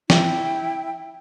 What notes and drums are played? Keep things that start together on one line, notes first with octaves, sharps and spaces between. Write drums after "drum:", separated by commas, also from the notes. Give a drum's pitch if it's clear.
E4 G5, drum: snare